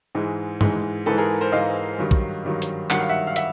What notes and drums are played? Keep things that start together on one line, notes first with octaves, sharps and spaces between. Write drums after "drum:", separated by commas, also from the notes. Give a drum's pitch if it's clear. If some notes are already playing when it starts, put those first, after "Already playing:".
G#2 E3 G#3
G#2 E3 G#3, drum: tom
G#2 E3 G#3 A4 B4
G#4 A#4
A#4 C5
G#2 E3 G#3 D#5 F5
G2 D#3 F#3
drum: kick
G2 D#3 F#3
drum: hi-hat
G2 D#3 F#3 F#5, drum: clap
F5
E5 F#5
F5
E5 F#5, drum: hi-hat